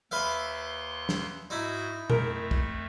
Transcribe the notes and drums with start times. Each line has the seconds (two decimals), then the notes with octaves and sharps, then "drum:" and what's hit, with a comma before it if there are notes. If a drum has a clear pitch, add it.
0.11 D#2 B4 E5 F5 C6 F#6
1.09 drum: snare
1.50 G#2 D#4 E4 F#4
2.10 F2 A3 A#4, drum: tom A#2
2.51 drum: kick